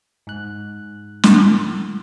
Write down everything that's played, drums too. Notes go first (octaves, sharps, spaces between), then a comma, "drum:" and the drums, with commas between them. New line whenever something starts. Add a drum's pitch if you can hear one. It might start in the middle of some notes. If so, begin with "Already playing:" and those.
G#2 F#6
drum: snare